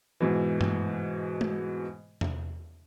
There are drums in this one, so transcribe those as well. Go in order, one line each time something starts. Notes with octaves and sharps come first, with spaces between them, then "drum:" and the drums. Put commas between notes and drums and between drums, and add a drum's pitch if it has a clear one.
G#2 B2 E3
drum: tom G2
drum: tom G#3
drum: tom E2